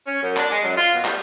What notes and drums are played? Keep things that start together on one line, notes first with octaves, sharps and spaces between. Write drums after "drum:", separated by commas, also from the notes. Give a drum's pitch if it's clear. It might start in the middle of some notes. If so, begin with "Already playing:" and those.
C#4
F#2
D4, drum: clap
G#3
F#2
F4
B2
G3, drum: clap